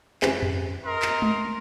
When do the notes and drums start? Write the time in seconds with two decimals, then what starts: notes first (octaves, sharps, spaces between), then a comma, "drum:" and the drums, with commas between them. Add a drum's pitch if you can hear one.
0.22 C#2 C3 E3, drum: clap
0.42 drum: tom F2
0.86 A#4 D#5 C6
1.02 drum: clap
1.22 drum: tom G#3